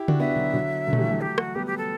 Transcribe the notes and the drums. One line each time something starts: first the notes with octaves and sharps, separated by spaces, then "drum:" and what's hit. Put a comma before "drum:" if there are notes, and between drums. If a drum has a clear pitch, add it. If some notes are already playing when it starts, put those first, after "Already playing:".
Already playing: E4 G4
D4 F#4, drum: tom C#3
B3 D4 E5
D3 F#3
D3 F#3
D3 F#3
A3, drum: tom A#2
E3 G3
F#3 A3
G4
F#4, drum: rim click
G3 B3 G4
G4
A4